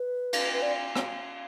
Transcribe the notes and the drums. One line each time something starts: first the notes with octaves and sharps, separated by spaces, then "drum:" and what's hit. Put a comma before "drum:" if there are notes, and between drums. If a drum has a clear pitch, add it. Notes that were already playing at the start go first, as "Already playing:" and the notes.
Already playing: B4
drum: cymbal
B4
D5
drum: rim click